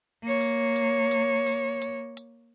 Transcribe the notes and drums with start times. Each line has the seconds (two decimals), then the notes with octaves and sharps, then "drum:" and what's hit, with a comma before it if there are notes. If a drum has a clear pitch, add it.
0.23 A#3 C#5
0.41 drum: open hi-hat
0.76 drum: hi-hat
1.11 drum: hi-hat
1.47 drum: open hi-hat
1.82 drum: hi-hat
2.17 drum: hi-hat